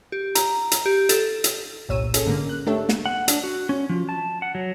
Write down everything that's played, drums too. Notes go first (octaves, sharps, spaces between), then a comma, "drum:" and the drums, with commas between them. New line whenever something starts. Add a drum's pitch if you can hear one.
G4
A#5, drum: hi-hat
drum: hi-hat
G4
A4, drum: hi-hat
drum: hi-hat
G1 C2 A#2 C#5 E6 D#7
C#4 G#4 A4, drum: hi-hat
G#2 D3 A#3
F#6
A3 D4 G4 A4 C#5 E5
drum: snare
F#5
D4, drum: hi-hat
F#4
C#4
F3
A5
F#5
F#3